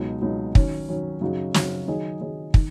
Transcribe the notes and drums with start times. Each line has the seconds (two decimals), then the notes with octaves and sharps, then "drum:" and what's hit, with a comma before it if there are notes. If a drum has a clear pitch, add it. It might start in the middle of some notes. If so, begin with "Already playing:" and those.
Already playing: C#2 B2 F#3 D#4
0.21 C#2 B2 F#3 D#4
0.55 D#3 F#3 C#4, drum: kick
0.89 D#3 F#3 C#4
1.21 F#2 C#3 F#3 D#4 F#4
1.54 F#2 C#3 F#3 D#4 F#4, drum: snare
1.88 D#3 F#3 D#4 G#4 D#5
2.20 D#3 F#3 D#4 G#4 D#5
2.54 D#3, drum: kick